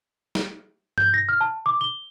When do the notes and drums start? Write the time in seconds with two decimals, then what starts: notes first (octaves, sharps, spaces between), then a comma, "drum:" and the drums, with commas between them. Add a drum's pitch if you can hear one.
0.35 drum: snare
0.98 G6, drum: tom G2
1.14 A#6
1.29 F6
1.41 A5
1.66 D6
1.81 G7